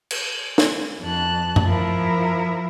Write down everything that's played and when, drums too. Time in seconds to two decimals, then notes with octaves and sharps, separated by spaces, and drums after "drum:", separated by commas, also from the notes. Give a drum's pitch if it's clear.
0.11 drum: cymbal
0.58 drum: snare
1.03 F2 A5 F#6
1.56 drum: tom F#2
1.65 F3 E4 A#4